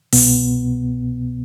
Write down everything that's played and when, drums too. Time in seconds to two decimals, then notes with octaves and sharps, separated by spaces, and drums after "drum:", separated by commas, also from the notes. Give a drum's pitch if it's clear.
0.13 C2 B2 B3, drum: open hi-hat